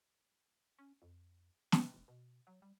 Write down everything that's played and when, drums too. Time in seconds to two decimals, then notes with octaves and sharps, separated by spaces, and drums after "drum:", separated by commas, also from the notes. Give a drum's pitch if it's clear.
0.79 C#4
1.02 F2
1.72 C3, drum: snare
1.94 E1
2.08 B2
2.47 F#3
2.62 G3